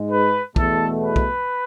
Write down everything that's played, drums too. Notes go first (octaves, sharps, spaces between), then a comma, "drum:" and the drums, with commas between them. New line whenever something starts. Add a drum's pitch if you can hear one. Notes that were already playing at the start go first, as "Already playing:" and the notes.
Already playing: G#2 G#3
B4
E2 B2 A3 A4, drum: kick
B4
drum: kick